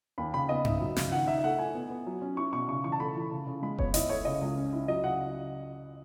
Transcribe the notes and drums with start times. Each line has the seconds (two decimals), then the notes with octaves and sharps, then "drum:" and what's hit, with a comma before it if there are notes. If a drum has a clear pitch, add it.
0.18 D#2 B5
0.34 C#3 B5
0.49 B3 D#5
0.65 D#4 E5, drum: tom G2
0.81 F#3
0.96 C#3, drum: snare
1.12 D#3 F#5
1.27 D#4 E5
1.39 E5
1.44 A3 F#5
1.59 E4 G#5
1.74 B3
1.90 B3
2.06 F#3
2.22 C#4
2.37 E4 C#6
2.53 B2 C#6
2.68 C#3 C#6
2.84 E3 C#6
2.92 A5
3.00 A3 B5
3.16 E3
3.31 C#3
3.47 C#3
3.62 G#3 B5
3.78 B3 C#5, drum: kick F1
3.94 E4 D#5, drum: hi-hat
4.09 A3 C#5
4.25 C#3 D#5
4.41 C#2
4.57 C#4
4.72 E4
4.88 F#3 D#5
5.03 C#3 F#5